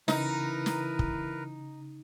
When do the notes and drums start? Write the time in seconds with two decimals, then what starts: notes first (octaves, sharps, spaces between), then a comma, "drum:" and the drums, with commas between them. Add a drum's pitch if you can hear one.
0.08 C#3 E3 D#4 A#4 B4, drum: snare
0.66 drum: snare
0.99 drum: kick